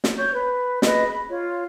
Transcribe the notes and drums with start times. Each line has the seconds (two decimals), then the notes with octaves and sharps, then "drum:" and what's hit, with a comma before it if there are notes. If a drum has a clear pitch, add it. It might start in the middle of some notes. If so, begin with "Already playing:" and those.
0.04 drum: snare
0.17 C#5 C#6 G6
0.31 B4
0.82 G#4 B4 D#5, drum: snare
1.06 B5
1.28 F4 C#5